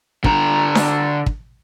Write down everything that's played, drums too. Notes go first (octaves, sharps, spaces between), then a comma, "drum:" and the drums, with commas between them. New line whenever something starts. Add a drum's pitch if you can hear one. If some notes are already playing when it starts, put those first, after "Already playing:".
D3 A#5, drum: kick
drum: snare D4
drum: kick